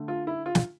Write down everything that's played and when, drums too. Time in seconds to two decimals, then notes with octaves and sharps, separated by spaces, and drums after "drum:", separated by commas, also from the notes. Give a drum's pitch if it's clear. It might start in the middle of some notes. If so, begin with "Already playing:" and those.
Already playing: D3 A3
0.08 F4
0.27 E4
0.46 F4
0.55 drum: snare